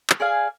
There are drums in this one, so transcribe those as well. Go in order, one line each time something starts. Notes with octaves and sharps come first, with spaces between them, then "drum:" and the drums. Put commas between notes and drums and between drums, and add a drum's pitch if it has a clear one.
drum: clap
G#4 D5 F5 G#5